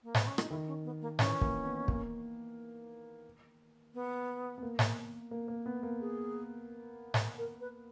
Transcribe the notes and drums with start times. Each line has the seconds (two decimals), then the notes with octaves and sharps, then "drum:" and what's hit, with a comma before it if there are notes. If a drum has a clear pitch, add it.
0.03 A#3
0.15 B3, drum: snare G#2
0.27 C#4
0.38 D#4, drum: rim click
0.50 D#3 E4
0.67 C#4
0.85 B3
1.01 A#3
1.19 E3 C#4, drum: snare G#2
1.41 A#3, drum: kick
1.65 B3
1.88 A#3, drum: kick
3.94 B3
4.58 B3
4.63 A#3
4.79 drum: snare G#2
5.31 A#3
5.48 A#3
5.66 B3
5.83 A#3
6.01 G#4
7.14 drum: snare G#2
7.38 A#4
7.61 B4